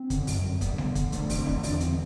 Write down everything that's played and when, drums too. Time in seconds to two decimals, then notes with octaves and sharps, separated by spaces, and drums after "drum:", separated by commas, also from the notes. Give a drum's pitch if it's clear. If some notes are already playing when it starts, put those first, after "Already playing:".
Already playing: C4
0.10 D3, drum: kick, hi-hat
0.27 F#2, drum: open hi-hat
0.44 F#2
0.61 D2 B3, drum: kick, hi-hat
0.78 D3, drum: snare G3
0.95 D3, drum: kick, hi-hat
1.12 D3 A3, drum: hi-hat
1.30 D3, drum: kick, open hi-hat
1.38 C4
1.46 D3, drum: kick
1.63 E2 D4, drum: open hi-hat
1.80 D3 C4, drum: hi-hat